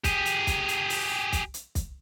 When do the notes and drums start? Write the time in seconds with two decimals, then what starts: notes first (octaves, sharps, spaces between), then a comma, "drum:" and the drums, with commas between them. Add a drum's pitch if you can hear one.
0.04 G4 G#4, drum: kick, hi-hat
0.26 drum: hi-hat
0.47 drum: kick, hi-hat
0.68 drum: hi-hat
0.90 drum: open hi-hat
1.32 drum: kick, hi-hat
1.54 drum: hi-hat
1.75 drum: kick, hi-hat